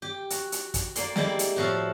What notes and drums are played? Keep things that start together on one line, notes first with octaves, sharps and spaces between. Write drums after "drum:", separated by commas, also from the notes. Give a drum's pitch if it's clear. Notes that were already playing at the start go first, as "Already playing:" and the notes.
G4
F#4, drum: hi-hat
drum: hi-hat
drum: kick, hi-hat
A#3 D5 C6, drum: hi-hat
G3 G#3 A#3 E4 G4 D5, drum: snare
drum: hi-hat
A2 F3 F#4 A4 E5 F5